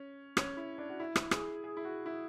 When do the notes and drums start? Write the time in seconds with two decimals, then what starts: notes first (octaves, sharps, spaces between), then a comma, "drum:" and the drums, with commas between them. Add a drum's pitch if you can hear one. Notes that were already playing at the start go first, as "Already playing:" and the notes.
Already playing: C#4
0.37 C#4, drum: rim click
0.57 E4
0.78 D4
0.89 F#4
1.00 E4
1.16 drum: rim click
1.31 G#4, drum: rim click
1.64 G#4
1.77 E4
1.85 F#4
2.06 E4